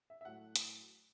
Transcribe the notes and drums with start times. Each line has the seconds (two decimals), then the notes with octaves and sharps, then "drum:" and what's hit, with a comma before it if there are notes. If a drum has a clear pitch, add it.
0.10 E5
0.21 E5
0.25 A2 F#3 A3 F#5
0.56 drum: hi-hat